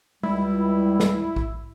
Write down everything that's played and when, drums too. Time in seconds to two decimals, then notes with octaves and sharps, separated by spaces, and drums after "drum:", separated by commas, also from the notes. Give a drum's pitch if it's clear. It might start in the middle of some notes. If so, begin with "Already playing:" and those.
0.23 C#2 G3 E4, drum: tom G#3
1.00 drum: snare
1.36 drum: kick